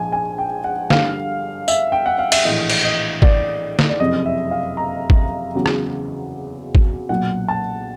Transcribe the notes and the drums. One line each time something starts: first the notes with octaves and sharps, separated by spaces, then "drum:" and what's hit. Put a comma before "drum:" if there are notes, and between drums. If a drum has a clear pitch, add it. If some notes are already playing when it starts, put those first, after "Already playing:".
Already playing: A#1 G#2 F3 G#5
G#5
G5
F#5
G1 G2 D3 F5, drum: snare
E5, drum: tambourine
G5
F#5
F5
E5, drum: cymbal
A#1 A2 E3 D#5
drum: cymbal
D#5
D5, drum: kick
drum: snare
D5
F#1 F2 C3 D#5
E5
F5
A#5
drum: kick
E2 C#3 F#3
drum: rim click
drum: kick
B1 A#2 F#3 F#5
A5